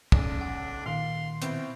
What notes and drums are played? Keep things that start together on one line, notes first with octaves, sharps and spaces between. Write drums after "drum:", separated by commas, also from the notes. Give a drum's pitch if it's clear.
B1 C#3 D4 D5, drum: kick
F#5
A#2 D#3 F5 C6
B2 C4 E4 G5, drum: hi-hat